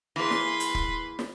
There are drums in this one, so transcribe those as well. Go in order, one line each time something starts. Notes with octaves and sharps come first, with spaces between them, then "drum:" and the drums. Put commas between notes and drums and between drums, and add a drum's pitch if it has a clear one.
E3 A#3 G#4 B4 C6
drum: snare
drum: hi-hat
drum: kick
drum: snare